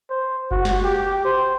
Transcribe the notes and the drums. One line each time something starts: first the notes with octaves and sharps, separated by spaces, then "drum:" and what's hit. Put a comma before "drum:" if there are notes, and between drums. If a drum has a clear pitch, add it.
C5
F#4, drum: kick F#1
drum: snare
G4
C5